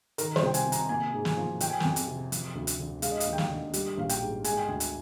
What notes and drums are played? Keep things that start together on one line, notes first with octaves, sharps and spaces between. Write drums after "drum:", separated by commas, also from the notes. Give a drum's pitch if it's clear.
D#3 A#4, drum: hi-hat
C5, drum: snare
C2 G5
G#5, drum: hi-hat
C3
A#5, drum: hi-hat
A#3 G#5
G#2
G#5, drum: snare
F3
F3 G5, drum: hi-hat
G#5
F2 G5, drum: snare
drum: hi-hat
C3
F3, drum: hi-hat
D2
drum: hi-hat
D3
G#3 F5, drum: hi-hat
D#5
F5, drum: hi-hat
D#2
G5
F5, drum: snare
D3
G3, drum: hi-hat
A#1 F5
G5, drum: hi-hat
G#2
G#3 G#5, drum: hi-hat
G5
D2 G#5
drum: hi-hat